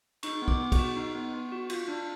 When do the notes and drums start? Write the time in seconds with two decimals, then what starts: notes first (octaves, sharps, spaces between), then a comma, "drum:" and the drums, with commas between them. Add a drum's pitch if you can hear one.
0.23 D#4 C#6, drum: cymbal
0.42 B3
0.48 D6, drum: kick
0.60 B3
0.72 C#6, drum: kick, cymbal
0.78 F#4
0.96 D#4
1.15 B3
1.34 B3
1.52 F#4
1.70 F4, drum: cymbal
1.88 D4